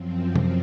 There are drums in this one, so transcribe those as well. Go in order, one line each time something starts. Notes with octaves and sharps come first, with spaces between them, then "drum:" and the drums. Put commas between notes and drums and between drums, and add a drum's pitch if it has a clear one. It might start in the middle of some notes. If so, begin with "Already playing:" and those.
Already playing: F#2 F3 C4
C4
drum: tom C3